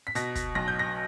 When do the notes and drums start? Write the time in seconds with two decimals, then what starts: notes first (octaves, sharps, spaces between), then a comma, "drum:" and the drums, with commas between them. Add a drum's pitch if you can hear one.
0.07 B6
0.15 B2 A#6, drum: hi-hat
0.35 drum: kick, hi-hat
0.55 B1 A#6
0.68 G6
0.79 A#6